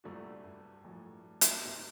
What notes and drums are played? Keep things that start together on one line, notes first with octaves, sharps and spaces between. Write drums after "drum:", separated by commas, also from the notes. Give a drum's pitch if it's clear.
C2 G2 A#2 A3 D4 F#4
G2
A#1 A2 F#3
drum: hi-hat
G2 C3 F#3 A#3 D#4